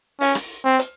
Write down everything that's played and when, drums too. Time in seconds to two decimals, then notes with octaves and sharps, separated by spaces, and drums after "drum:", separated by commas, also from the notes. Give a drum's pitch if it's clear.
0.21 C#4, drum: open hi-hat
0.35 drum: rim click
0.64 C4
0.79 drum: hi-hat